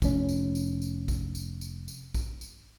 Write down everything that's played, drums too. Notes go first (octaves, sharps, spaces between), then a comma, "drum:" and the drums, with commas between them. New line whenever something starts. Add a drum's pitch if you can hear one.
F1 C#4, drum: kick A#1, tambourine
drum: tambourine
drum: tambourine
drum: tambourine
drum: kick A#1, tambourine
drum: tambourine
drum: tambourine
drum: tambourine
drum: kick A#1, tambourine
drum: tambourine